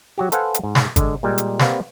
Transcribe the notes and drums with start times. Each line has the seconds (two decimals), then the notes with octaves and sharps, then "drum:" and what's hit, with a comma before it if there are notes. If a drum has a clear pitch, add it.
0.18 F#3 F#4 G4
0.32 A4 B4 C5 F5 F#5 G#5, drum: hi-hat
0.54 drum: hi-hat
0.63 G#2
0.75 drum: snare
0.96 D3 G#3, drum: kick, hi-hat
1.23 A#2 G3 G#3
1.38 drum: hi-hat
1.59 G3 A#3 C4 B4 F5 F#5, drum: snare